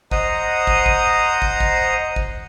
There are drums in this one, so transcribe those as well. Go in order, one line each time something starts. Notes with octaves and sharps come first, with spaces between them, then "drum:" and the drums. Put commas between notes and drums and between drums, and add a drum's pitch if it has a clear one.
C5 D#5 F#5 A#5 D#6, drum: kick
drum: kick
drum: kick
drum: kick
drum: kick
drum: kick